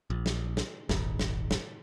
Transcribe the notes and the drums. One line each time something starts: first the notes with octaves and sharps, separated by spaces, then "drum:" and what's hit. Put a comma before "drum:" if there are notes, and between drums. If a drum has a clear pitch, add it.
A#1
drum: snare
drum: snare
D#1 G#1, drum: snare
drum: snare
drum: snare